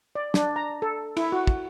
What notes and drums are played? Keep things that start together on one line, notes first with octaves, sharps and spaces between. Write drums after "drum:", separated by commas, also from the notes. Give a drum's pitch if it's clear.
D5
D4, drum: snare
A#5
A4
E4, drum: cymbal
F#4
drum: kick